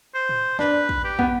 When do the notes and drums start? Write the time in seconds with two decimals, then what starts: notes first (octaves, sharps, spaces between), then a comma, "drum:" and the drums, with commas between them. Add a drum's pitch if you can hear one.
0.15 C5
0.29 drum: tom A2
0.59 D4 B4, drum: snare
0.89 drum: kick
1.04 G4
1.19 B3, drum: kick